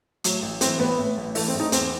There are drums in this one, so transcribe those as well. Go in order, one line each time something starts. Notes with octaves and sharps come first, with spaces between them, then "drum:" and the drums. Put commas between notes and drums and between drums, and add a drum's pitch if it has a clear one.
A2 F#3, drum: hi-hat
A1
E3 C4, drum: hi-hat
A1 B3
A2
A1
E3 A3, drum: open hi-hat
C4
A1
D#4
E2 C4, drum: hi-hat